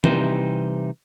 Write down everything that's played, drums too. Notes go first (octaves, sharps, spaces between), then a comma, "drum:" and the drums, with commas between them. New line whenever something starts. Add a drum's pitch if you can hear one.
C3 E3 G3 C4 D#4 C5, drum: tom D#3